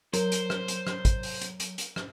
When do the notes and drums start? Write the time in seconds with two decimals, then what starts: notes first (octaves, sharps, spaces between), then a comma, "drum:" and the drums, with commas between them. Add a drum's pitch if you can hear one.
0.13 F#3 A#4 C5, drum: hi-hat
0.32 drum: hi-hat
0.50 drum: rim click
0.68 drum: hi-hat
0.87 drum: rim click
1.05 drum: kick, hi-hat
1.23 drum: open hi-hat
1.41 drum: hi-hat
1.60 drum: hi-hat
1.78 drum: hi-hat
1.96 drum: rim click